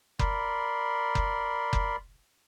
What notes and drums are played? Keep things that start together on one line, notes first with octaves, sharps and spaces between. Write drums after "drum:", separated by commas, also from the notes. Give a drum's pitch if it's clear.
A#4 D5 B5 C6, drum: kick F#1
drum: kick F#1
drum: kick F#1